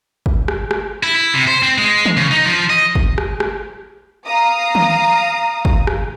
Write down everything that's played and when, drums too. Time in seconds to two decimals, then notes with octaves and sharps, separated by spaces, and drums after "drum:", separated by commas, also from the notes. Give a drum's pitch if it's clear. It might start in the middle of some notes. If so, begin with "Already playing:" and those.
0.26 drum: kick
0.48 drum: rim click
0.71 drum: rim click
1.03 E4
1.16 E4
1.35 C3
1.48 C5
1.63 C4
1.78 G#3
2.06 drum: tom D#3
2.17 C#3
2.31 D#4
2.46 F3
2.70 D#5
2.95 drum: kick
3.18 drum: rim click
3.40 drum: rim click
4.26 F5 A#5 D#6
4.75 drum: tom D#3
5.65 drum: kick
5.87 drum: rim click